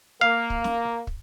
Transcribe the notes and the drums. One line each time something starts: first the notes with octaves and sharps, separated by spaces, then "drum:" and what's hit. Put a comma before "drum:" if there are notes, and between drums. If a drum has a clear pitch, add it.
A#3 F5
drum: kick
drum: snare
drum: kick